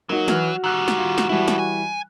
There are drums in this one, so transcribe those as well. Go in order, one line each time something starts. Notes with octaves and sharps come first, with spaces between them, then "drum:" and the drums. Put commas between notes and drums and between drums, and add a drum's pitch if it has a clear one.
F#3 A#3 D#4 F#4
E3 F#4 F6, drum: snare
D#3 G3 F#4 E6 F#6
drum: snare
F4
drum: snare
B2 E3 G3 E4
drum: snare
G#5